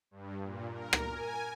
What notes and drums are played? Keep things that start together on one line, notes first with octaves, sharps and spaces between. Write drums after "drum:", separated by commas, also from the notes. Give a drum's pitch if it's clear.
G2
A#2
A#4
drum: rim click
G#5